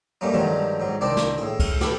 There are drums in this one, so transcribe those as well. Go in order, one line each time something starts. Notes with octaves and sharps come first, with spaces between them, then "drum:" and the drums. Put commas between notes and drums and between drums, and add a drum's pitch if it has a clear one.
G2 G3 A3 A#3 C#4 D#4
G2 D3 D#3 F3 F#3 G#3
G#2 F#3
C2 D#3 C4 D4 D5 D#5
drum: snare
A2 G#4
drum: kick, cymbal
G4 A4 B4, drum: snare